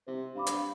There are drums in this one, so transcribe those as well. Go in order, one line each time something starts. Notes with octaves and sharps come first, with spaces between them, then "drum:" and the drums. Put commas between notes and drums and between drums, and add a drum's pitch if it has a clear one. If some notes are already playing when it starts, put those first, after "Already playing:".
C3 C5
G2 F5 B5 D6
drum: hi-hat